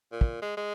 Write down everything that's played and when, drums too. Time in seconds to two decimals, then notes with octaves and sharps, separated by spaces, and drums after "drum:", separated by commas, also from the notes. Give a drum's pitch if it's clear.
0.12 A#2
0.21 drum: kick
0.42 G#3
0.57 G#3